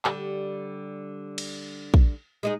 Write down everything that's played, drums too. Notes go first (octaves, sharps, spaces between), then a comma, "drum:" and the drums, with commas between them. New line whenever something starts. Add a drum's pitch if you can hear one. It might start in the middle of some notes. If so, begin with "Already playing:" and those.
D3 G3, drum: clap
drum: cymbal
drum: kick
G#3 D#4 G#4